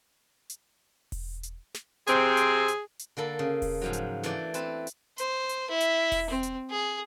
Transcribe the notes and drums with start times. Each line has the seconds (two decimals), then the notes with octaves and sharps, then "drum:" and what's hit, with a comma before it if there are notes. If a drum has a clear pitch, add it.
0.50 drum: hi-hat
1.12 drum: kick E1, open hi-hat
1.43 drum: hi-hat
1.74 drum: snare
2.07 C3 C4 G#4, drum: hi-hat
2.37 drum: hi-hat
2.68 drum: hi-hat
2.99 drum: hi-hat
3.17 D3 A#3 A4 B5
3.39 C#3
3.62 drum: kick E1, open hi-hat
3.81 G#2 F3 F#3
3.93 drum: hi-hat
4.23 E3 A3 D4 D5, drum: snare
4.54 C4 B4 A5, drum: hi-hat
4.87 drum: hi-hat
5.18 C5, drum: hi-hat
5.49 drum: hi-hat
5.70 E4
5.80 drum: hi-hat
6.12 drum: kick E1, open hi-hat
6.30 C4
6.43 drum: hi-hat
6.71 G#4